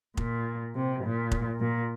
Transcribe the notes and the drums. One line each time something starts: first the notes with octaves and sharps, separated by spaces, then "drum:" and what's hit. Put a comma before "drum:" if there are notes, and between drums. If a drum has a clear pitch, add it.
A#2, drum: kick F1
C3
A#2
drum: kick F1
A#2